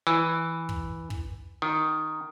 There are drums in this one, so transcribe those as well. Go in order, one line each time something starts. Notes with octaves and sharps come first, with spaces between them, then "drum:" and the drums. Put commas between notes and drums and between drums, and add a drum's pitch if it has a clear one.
E3
drum: kick
drum: kick
D#3